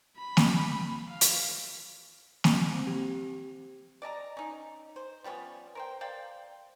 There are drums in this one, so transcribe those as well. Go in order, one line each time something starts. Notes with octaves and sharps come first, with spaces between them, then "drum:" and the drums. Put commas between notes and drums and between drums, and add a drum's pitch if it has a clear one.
B5
drum: snare A#3
F5
drum: hi-hat
drum: snare A#3
C4
G4
D5 D#5 A5 A#5
C#4 D#4
C5
F3 G3 B3 C#4
A#4 C5 G5
C5 D5 F5 G5